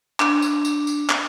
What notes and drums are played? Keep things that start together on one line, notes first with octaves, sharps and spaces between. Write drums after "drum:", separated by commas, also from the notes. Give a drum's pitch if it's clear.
D4, drum: clap
drum: tambourine
drum: tambourine
drum: tambourine
drum: clap